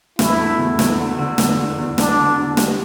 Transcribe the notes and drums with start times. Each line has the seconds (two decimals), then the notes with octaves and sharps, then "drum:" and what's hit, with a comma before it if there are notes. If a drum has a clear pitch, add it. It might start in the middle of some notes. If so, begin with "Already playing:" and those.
0.19 E2 E4, drum: snare
0.39 A3
0.59 E2
0.79 E2, drum: snare
0.98 D3
1.19 D3
1.38 E2, drum: snare
1.58 E2
1.78 E2
1.98 D3 D4, drum: snare
2.18 D3
2.38 E2
2.57 G3, drum: snare